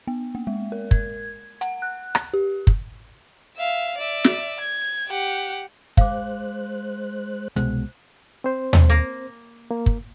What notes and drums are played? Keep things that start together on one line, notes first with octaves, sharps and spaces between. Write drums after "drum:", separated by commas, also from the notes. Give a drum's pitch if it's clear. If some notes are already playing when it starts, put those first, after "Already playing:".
B3
A#3
G#3
A#4
G#6, drum: kick
F#5, drum: hi-hat
F#6
drum: rim click
G4
drum: kick
E5 F5
D5 E5
drum: snare
G#6
G4 F#5
G#3 C5 F5 D6 F#6, drum: kick
C2 B2 G#3 C5, drum: hi-hat
C4 C5
drum: tom D#2
A#3, drum: hi-hat
A#3
drum: kick